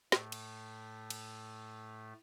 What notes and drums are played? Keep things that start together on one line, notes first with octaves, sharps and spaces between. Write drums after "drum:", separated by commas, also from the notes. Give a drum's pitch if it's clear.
A2 A3, drum: snare
drum: cymbal
drum: cymbal